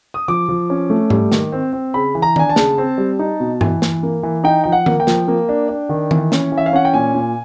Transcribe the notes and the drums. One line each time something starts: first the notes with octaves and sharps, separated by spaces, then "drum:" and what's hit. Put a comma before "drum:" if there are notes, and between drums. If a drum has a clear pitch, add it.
D#6
F3 D6
F3
C#4
A3
G3, drum: tom G#2
D#3, drum: snare
C4
C4
C#3 B5
E3
A#5
D4 G#5, drum: tom D#3
A5
C#3, drum: snare
C4
G3
D#4
B2
E3, drum: tom G2
E3, drum: snare
A#3
E3
D#4 G5
F3 G5
F#5
A#3, drum: tom D#3
G5
F3, drum: snare
A#3
D4
D4
D#3
E3, drum: tom D#3
C#4, drum: snare
E3
E5
F5
C#4 F#5
G5
A#2 G#5
A#2